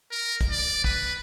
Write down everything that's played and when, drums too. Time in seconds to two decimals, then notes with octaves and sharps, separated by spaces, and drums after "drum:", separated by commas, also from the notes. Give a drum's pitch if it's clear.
0.11 A#4
0.41 drum: kick, hi-hat
0.51 D5
0.84 B4, drum: kick